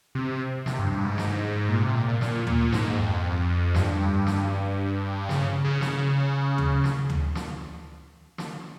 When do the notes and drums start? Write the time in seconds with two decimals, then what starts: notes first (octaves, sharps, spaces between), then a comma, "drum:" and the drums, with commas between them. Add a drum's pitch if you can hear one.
0.15 C3
0.66 C3, drum: snare
0.79 G2
0.92 G2
1.05 G#2
1.18 drum: snare
1.69 A#2
1.82 C3
1.95 A#2
2.08 A#2
2.21 A#2, drum: snare
2.47 A#2, drum: tom D2
2.72 G#2, drum: snare
2.98 F2
3.75 G2, drum: snare
4.27 drum: snare
5.29 C#3, drum: snare
5.64 C#3
5.81 drum: snare
6.58 drum: tom D2
6.84 drum: snare
7.10 drum: tom D2
7.35 drum: snare
8.38 drum: snare